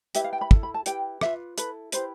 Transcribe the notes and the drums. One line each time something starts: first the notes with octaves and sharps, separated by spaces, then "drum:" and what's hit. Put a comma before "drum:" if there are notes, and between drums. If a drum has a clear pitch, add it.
E4 G4 B4 E5, drum: hi-hat
F5
G5
B5
E4 A4, drum: kick
B5
A5
E4 G4 B4 G5, drum: hi-hat
F4 B4 E5, drum: rim click
E4 A4 B4, drum: hi-hat
E4 G4 B4 C5, drum: hi-hat